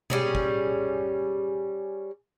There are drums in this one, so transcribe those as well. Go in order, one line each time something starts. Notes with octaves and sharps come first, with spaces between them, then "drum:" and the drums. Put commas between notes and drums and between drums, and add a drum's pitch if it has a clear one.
G3 C#4 G#4, drum: tom B2
drum: kick